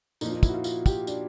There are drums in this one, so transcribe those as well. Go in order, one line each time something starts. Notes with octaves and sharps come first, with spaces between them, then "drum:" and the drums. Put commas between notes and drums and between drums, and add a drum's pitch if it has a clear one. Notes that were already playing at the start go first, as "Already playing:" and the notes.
A#2 F3 D#4, drum: tambourine
D#4
E4, drum: kick, tambourine
F#4
F4
F4, drum: tambourine
G4, drum: kick, tambourine
D4, drum: tambourine